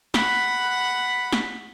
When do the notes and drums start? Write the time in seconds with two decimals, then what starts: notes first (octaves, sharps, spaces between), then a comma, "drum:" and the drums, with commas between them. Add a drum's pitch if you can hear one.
0.14 F#5 B5, drum: snare
1.33 drum: snare